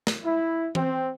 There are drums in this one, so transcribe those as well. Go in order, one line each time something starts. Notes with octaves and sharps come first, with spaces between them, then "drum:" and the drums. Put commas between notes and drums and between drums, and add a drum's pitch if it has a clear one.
drum: snare
E4
C4, drum: tom E3